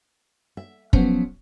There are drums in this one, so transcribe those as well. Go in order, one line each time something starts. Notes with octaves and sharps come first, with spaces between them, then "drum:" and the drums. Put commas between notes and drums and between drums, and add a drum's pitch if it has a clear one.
E5
F3 F#3 B3 C#4, drum: kick